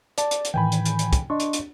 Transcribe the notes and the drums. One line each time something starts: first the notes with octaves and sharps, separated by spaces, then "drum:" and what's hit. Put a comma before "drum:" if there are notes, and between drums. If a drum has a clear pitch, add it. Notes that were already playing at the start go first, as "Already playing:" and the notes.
D5 A5, drum: hi-hat
drum: hi-hat
drum: hi-hat
A2 D#3 E3 G5 G#5 B5
drum: hi-hat
drum: hi-hat
drum: hi-hat
drum: kick, hi-hat
D4 D#5 C6 C#6
drum: hi-hat
drum: hi-hat